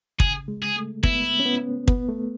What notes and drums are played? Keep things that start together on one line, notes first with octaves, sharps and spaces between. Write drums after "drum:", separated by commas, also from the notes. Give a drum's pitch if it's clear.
C#3 G#4, drum: kick
G#3
G#4
A3
B3 E4, drum: kick
C#4
B3
B3, drum: kick
A3